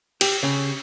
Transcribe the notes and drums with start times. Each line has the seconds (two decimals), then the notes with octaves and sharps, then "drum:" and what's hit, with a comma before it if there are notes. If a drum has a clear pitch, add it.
0.21 G4, drum: cymbal
0.43 C#3